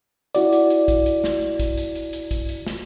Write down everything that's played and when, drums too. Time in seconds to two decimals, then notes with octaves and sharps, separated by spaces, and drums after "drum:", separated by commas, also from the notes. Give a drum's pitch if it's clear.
0.35 E4 F#4 D5, drum: hi-hat
0.52 drum: hi-hat
0.70 drum: hi-hat
0.88 drum: kick, hi-hat
1.06 drum: hi-hat
1.24 drum: snare
1.59 drum: kick, hi-hat
1.77 drum: hi-hat
1.95 drum: hi-hat
2.13 drum: hi-hat
2.31 drum: kick, hi-hat
2.49 drum: hi-hat
2.67 drum: snare